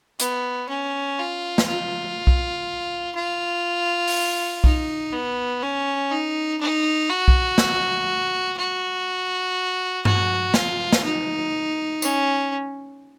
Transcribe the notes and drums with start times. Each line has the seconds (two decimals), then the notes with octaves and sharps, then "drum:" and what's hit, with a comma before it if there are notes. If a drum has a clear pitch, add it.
0.20 B3, drum: hi-hat
0.69 C#4
1.19 F4
1.58 drum: snare
1.68 F4
2.27 drum: kick
3.15 F4
4.08 drum: open hi-hat
4.64 D#4, drum: kick
5.13 B3
5.62 C#4
6.11 D#4
6.61 D#4
7.10 F#4
7.28 drum: kick
7.58 drum: snare
8.58 F#4
10.05 F#4, drum: tom G2
10.54 F4, drum: snare
10.93 drum: snare
11.04 D#4
12.02 C#4, drum: tambourine